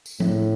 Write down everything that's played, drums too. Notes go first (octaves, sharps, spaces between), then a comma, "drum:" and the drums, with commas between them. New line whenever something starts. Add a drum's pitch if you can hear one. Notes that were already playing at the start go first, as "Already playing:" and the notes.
drum: tambourine
A2, drum: tom F3